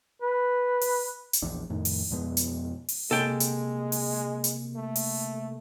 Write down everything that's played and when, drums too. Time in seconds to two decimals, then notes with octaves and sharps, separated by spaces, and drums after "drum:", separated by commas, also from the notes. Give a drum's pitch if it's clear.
0.22 B4
0.81 drum: open hi-hat
1.33 drum: hi-hat
1.42 A#1 E2 D4
1.70 F2 A2 D#3
1.85 drum: open hi-hat
2.11 F2 B2 G#3 B3
2.37 drum: hi-hat
2.88 drum: open hi-hat
3.11 C3 G#3 A#3 A4 G5
3.40 drum: hi-hat
3.92 drum: open hi-hat
4.44 drum: hi-hat
4.76 A3
4.96 drum: open hi-hat